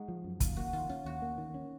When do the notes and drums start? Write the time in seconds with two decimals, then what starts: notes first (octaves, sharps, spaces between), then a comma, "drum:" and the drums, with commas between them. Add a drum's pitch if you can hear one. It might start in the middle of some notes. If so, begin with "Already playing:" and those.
Already playing: G#3 D#4 F#4
0.08 F3
0.24 F#2
0.40 D#2 F4, drum: kick, hi-hat
0.56 A#3 F#4
0.73 D#3 F4
0.89 C#4 F4
1.05 D#2 F#4
1.22 A#3
1.37 D#3
1.54 C#4